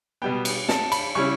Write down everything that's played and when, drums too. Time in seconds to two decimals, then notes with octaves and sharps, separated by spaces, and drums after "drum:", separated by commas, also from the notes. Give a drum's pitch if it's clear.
0.22 B2 G3 B3 G5
0.45 drum: cymbal
0.69 A5, drum: snare
0.92 B5, drum: cymbal
1.15 C#3 G3 C#4 E4 C#6